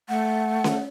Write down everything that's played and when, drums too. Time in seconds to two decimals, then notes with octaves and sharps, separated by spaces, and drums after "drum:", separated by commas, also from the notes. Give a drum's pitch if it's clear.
0.09 A3 F#5
0.64 drum: snare C#4